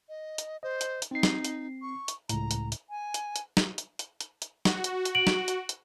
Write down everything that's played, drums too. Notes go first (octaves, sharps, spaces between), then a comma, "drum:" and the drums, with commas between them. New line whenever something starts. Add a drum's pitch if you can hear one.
D#5
drum: hi-hat
C5 D#5
drum: hi-hat
drum: hi-hat
C4 D#4 C7
drum: snare
drum: hi-hat
C#6
drum: hi-hat
C#2 A2 A#5, drum: hi-hat
drum: hi-hat
drum: hi-hat
G#5
drum: hi-hat
drum: hi-hat
drum: snare
drum: hi-hat
drum: hi-hat
drum: hi-hat
drum: hi-hat
F#4, drum: snare
drum: hi-hat
drum: hi-hat
D7 F#7
drum: snare
drum: hi-hat
drum: hi-hat